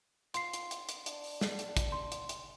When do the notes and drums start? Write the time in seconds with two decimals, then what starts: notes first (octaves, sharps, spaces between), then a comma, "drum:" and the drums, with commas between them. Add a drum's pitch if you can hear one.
0.34 F4 C6 C7, drum: hi-hat
0.53 drum: hi-hat
0.71 drum: hi-hat
0.89 drum: hi-hat
1.06 D4, drum: hi-hat
1.24 drum: open hi-hat
1.41 drum: snare
1.59 drum: hi-hat
1.77 drum: kick, hi-hat
1.92 C6
2.12 drum: hi-hat
2.29 drum: hi-hat